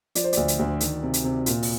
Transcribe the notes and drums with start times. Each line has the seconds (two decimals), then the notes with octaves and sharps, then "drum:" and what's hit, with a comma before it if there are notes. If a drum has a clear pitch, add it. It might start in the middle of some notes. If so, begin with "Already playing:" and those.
0.15 F3 D5, drum: hi-hat
0.24 C5
0.33 D2 D5, drum: hi-hat
0.48 drum: hi-hat
0.59 D2
0.80 D#3, drum: hi-hat
1.03 C3
1.14 drum: hi-hat
1.24 C3
1.46 A#2, drum: hi-hat
1.63 drum: open hi-hat